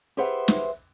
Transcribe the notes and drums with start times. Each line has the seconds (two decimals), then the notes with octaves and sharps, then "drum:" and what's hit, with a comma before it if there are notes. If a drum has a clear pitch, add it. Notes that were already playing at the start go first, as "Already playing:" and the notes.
0.17 G4 G#4 B4 C5 E5 F#5
0.48 drum: snare